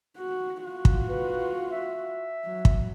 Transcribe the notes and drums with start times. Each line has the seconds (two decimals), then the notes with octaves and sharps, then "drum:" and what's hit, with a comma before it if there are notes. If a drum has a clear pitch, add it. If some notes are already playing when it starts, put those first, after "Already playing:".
0.17 F#4
0.64 F4 F#4
0.85 drum: kick
1.09 B4
1.71 E5
2.45 F#3
2.65 drum: kick